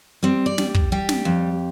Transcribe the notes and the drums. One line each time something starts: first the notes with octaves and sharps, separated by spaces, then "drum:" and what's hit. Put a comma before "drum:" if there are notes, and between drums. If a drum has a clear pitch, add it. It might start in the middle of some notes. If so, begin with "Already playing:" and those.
G3 C4
D5
G3, drum: snare
drum: kick
G3 G4
drum: snare
F2